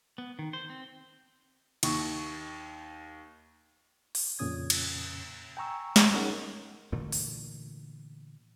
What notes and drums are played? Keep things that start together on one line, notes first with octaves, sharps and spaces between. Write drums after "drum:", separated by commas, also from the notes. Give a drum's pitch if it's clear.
B3
D#3
C5
C4
D#2 C#6, drum: cymbal
drum: open hi-hat
F2 A#2 C#3 C#4 D#6 G#6
drum: cymbal
G5 G#5 A#5 C#6 E6
drum: snare
C#4 D#4 G#4 A#4 F#5
A#2 D3 E3 A3
drum: open hi-hat